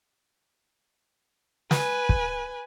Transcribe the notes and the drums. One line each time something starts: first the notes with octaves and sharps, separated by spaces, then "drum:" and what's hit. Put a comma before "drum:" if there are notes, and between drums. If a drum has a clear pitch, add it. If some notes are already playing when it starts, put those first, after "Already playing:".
B4 G#5, drum: snare
drum: kick